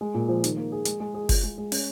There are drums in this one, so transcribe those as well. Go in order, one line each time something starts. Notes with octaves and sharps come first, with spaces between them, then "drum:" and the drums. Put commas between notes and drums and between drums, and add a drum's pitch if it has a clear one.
G#3
A#2
F3
D#3, drum: hi-hat
A#3
G#4
G#3, drum: hi-hat
G#3
G#4
F4, drum: kick F#1, open hi-hat
G#3
G#3
C#4, drum: open hi-hat